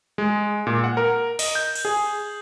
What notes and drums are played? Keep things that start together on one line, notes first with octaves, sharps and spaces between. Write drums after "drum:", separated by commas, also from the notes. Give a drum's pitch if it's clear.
G#3
A#2
F#5
A#4
D#5, drum: open hi-hat
G6
drum: cymbal
G#4